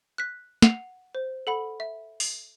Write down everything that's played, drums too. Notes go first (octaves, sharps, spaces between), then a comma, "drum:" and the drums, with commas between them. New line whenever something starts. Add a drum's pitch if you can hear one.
F#6 B6
F#5 C7 F7, drum: snare
C5
A4 F#5 B5
E5
drum: open hi-hat